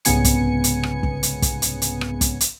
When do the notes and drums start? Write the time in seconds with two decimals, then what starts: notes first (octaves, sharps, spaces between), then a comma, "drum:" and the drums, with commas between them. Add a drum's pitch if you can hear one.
0.05 C2 G#2 C#3 B3 G#5 C#7, drum: hi-hat
0.24 drum: kick, hi-hat
0.64 drum: hi-hat
0.83 drum: rim click
1.03 drum: kick
1.23 drum: hi-hat
1.42 drum: kick, hi-hat
1.62 drum: hi-hat
1.82 drum: hi-hat
2.01 drum: rim click
2.21 drum: kick, hi-hat
2.41 drum: hi-hat